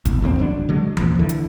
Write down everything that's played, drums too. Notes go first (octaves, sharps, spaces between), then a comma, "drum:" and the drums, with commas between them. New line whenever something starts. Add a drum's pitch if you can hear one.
G1 C2, drum: kick F#1, hi-hat
A1 D#2 G#3 C4
F1 F#3 D4
D3 F#3 G#3
E1 C#2 A#2 F3, drum: tom E3
D2 D3 E3
drum: hi-hat